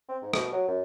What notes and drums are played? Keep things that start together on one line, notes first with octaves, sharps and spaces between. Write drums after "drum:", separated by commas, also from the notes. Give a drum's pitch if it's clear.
C4
G#2
B2, drum: rim click
F#3
F#2